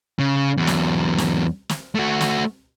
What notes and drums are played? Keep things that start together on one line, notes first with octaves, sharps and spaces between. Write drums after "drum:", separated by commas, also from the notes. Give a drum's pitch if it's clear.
C#3
E2 F#3
drum: snare
drum: snare
drum: snare
A3 F#4
drum: snare